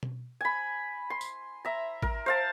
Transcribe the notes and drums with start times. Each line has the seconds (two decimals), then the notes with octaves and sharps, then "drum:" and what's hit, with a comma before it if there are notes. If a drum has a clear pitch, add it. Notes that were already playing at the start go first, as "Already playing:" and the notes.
0.03 drum: tom B2
0.41 G#5 B5
1.10 C6
1.21 drum: tambourine
1.65 E5 A#5
2.02 A#4, drum: kick A1
2.26 C5 F5 A5